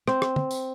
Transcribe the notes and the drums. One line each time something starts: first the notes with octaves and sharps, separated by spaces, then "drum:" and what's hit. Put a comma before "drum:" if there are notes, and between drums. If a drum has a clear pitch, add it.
C4, drum: rim click
drum: rim click
drum: tom
drum: tambourine